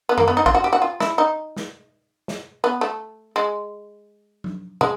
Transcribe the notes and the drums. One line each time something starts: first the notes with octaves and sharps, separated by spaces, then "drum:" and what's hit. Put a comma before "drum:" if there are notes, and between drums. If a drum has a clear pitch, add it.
B3
A#3, drum: tom F#2
B3
D#4
F4, drum: kick
F#4
G4
F#4
F4
E4, drum: snare
D#4
drum: snare
drum: snare
B3
A3
G#3
drum: tom F#3
G#3, drum: tom